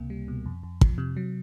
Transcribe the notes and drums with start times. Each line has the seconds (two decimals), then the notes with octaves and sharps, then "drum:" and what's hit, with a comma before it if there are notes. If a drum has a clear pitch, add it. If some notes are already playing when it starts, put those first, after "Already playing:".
Already playing: C#2 C3 A#3
0.10 G3
0.28 B2
0.46 F2
0.63 F2
0.81 F3, drum: kick
0.98 C3
1.17 F#3